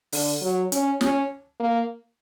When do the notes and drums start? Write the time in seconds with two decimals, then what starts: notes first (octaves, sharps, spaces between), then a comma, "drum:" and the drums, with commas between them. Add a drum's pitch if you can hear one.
0.12 D3, drum: open hi-hat
0.42 F#3
0.72 C#4, drum: hi-hat
1.01 C#4, drum: snare
1.60 A#3